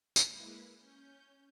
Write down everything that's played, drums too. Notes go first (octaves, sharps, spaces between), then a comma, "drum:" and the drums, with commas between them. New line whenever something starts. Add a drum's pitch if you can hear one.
G#3 A#3 E4 B4, drum: tambourine
C#4 G6